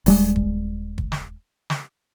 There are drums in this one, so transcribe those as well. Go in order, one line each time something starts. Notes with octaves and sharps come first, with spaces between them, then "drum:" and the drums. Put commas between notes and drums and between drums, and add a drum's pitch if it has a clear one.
D#1 G3 G#3, drum: open hi-hat
drum: kick G1
drum: kick G1
drum: snare
drum: snare